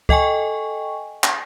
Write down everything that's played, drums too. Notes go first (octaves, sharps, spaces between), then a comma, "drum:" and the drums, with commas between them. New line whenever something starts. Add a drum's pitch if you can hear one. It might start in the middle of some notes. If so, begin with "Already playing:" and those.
A4 D#5 G5 G#5 C#6, drum: kick C#2
drum: clap